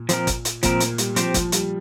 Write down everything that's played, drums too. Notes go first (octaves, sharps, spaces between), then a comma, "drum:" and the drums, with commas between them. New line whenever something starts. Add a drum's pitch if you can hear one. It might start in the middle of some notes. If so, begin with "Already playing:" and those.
Already playing: A#2
F3 C4 A#4, drum: hi-hat
drum: kick G1, hi-hat
drum: hi-hat
A#2 F3 C4 A#4, drum: kick G1, hi-hat
A#3, drum: hi-hat
G3, drum: hi-hat
F3 C4 G4 C5, drum: hi-hat
F3, drum: kick G1, hi-hat
G3, drum: hi-hat